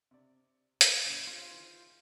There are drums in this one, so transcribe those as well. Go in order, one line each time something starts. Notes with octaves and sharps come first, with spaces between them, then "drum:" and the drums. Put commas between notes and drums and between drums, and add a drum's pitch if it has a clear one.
C3 D5
drum: hi-hat
D2 G2 B2
C4 F4 G4 G#4 C5
D#3 E3